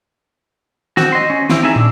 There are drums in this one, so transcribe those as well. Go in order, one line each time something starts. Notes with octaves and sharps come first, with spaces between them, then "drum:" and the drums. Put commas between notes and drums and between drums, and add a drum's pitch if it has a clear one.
C4 F#4, drum: snare
D#5 C6
C#4
C4 E4 G4, drum: snare
C4 D#4 E4 G#4 E5
D4, drum: tom